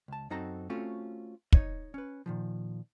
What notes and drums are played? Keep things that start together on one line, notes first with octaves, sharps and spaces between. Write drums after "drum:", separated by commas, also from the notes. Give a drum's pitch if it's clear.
C#2 A5
F#2 C4 D#4 F#4 A4 A#5
A3 C4 C#4 F4 F#4 A4
D#4 C#5 D#5, drum: kick
C#4 B4
A#2 D#3 F3